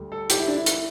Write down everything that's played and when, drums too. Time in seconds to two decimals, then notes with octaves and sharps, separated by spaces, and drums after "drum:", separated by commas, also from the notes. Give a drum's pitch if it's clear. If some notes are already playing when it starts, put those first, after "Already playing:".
Already playing: D2 D3 G3
0.12 A4
0.30 G4, drum: hi-hat
0.39 E4
0.48 D4
0.57 E4
0.66 drum: hi-hat